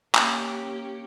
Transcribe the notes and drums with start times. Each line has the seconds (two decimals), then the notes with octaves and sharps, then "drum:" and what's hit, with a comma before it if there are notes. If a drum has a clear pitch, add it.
0.15 A#3 C#4 G4, drum: clap